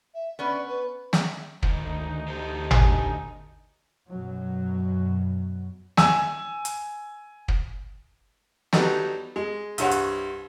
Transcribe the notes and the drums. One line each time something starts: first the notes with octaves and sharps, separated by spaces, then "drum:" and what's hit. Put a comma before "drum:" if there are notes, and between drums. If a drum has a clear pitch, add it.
E5
B3 C#4 D5
B4
drum: snare
D2 D#3 D#4 C5, drum: kick
D4 G4 C5
G#5, drum: tom G#1
F#2 B2 F#3
G#5 E6, drum: snare
drum: hi-hat
drum: kick
F#3 G3 B3 D#4 A4, drum: snare
G#3
C2 G2 C#5 F#5, drum: hi-hat
drum: hi-hat